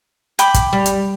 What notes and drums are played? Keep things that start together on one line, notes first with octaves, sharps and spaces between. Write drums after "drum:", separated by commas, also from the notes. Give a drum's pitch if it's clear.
G5 B5 D6, drum: hi-hat
drum: kick, hi-hat
G3
drum: hi-hat